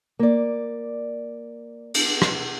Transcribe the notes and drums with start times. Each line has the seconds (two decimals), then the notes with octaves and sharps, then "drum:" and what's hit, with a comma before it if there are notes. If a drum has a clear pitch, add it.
0.19 A#3 D5
1.94 drum: cymbal
2.22 drum: rim click